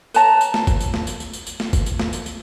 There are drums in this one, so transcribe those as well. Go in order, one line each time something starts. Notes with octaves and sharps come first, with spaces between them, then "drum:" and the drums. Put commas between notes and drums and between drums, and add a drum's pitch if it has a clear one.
B4 C#5 A5 A#5, drum: tambourine
drum: tambourine
drum: snare
drum: kick, tambourine
drum: tambourine
drum: snare
drum: tambourine
drum: tambourine
drum: tambourine
drum: tambourine
drum: snare
drum: kick, tambourine
drum: tambourine
drum: snare
drum: tambourine
drum: tambourine